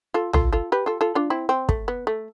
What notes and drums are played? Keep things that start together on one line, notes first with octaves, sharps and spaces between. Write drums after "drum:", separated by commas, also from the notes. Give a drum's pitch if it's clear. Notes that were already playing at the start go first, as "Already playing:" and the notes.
F4 A4
F4 A4, drum: tom
F4 A4
G4 B4
F4 A4
F4 A4
D4 F4
C4 E4
C4
A3, drum: kick
B3
A3